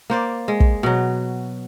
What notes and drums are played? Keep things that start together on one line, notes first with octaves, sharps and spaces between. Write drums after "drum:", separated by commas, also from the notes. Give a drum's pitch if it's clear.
A#3 C5 D5
G#3
drum: kick
B2 F#3